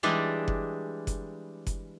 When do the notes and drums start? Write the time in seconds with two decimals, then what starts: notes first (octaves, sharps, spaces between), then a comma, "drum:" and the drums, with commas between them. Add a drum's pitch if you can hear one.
0.03 E3 G3 G#3 D4
0.48 drum: kick F#1
1.07 drum: kick F#1, hi-hat
1.67 drum: kick F#1, hi-hat